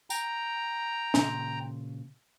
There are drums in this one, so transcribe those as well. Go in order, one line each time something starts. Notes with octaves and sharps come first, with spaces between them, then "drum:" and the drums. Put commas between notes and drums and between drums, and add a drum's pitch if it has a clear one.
G5 A#5, drum: tambourine
A#2 C#3 C6, drum: snare